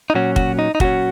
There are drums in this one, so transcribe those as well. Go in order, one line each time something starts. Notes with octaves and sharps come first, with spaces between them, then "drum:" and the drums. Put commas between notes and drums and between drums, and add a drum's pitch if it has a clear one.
D#4
A#2 F#3 C#4 F#4
F#4, drum: kick
D#4
D#4
A#2 F#3 C#4 F#4, drum: kick